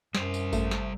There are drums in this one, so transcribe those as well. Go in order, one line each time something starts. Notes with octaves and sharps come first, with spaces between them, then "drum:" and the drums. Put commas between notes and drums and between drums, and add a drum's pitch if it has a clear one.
F#2 G3 C5, drum: snare
drum: tambourine
A3, drum: kick G#1, tambourine
drum: snare